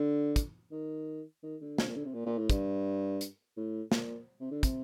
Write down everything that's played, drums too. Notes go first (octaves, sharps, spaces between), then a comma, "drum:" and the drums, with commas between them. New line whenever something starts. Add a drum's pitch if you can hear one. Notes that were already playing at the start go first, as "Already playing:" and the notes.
Already playing: D3
drum: kick, hi-hat
D#3
D#3
D3
D3, drum: snare
A#2
D3
C3
A#2
A#2
A2
G2, drum: kick, hi-hat
drum: hi-hat
A2
A#2, drum: snare
C3
D3
C3, drum: kick, hi-hat